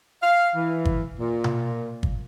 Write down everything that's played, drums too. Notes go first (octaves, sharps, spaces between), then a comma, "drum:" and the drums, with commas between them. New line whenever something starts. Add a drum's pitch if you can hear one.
F5
E3
drum: kick G1
A#2
drum: tom B2
drum: kick G1